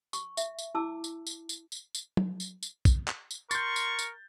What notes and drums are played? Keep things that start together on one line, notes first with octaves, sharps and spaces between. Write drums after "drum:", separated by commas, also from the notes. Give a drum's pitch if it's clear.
C#6, drum: tambourine
E5, drum: tambourine
drum: tambourine
E4 A5 D6 E6
drum: tambourine
drum: tambourine
drum: tambourine
drum: tambourine
drum: tambourine
drum: tom F#3
drum: tambourine
drum: tambourine
drum: kick, tambourine
drum: clap
drum: tambourine
A#4 C6 C#6 G6 A6, drum: tambourine
drum: tambourine
drum: tambourine